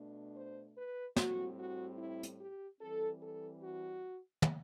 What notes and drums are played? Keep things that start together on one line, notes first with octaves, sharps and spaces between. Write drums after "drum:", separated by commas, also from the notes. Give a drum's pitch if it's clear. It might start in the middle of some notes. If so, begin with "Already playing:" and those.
Already playing: B2 A3 D4
C5
B4
A2 G3 C4 F#4, drum: snare
F#4
E4
drum: hi-hat
G4
E3 G3 C4 A4
A4
F#4
drum: tom